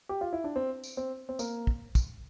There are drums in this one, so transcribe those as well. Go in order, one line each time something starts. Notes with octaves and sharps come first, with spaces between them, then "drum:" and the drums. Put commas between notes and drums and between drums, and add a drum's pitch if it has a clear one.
G4
F4
E4
D4
C4
drum: tambourine
C4
C4
A#3, drum: tambourine
drum: kick
drum: kick, tambourine